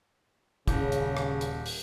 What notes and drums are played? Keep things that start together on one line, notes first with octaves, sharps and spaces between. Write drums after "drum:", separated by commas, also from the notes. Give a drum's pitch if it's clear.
D#1 C#3, drum: kick, hi-hat
drum: hi-hat
drum: rim click
drum: hi-hat
drum: open hi-hat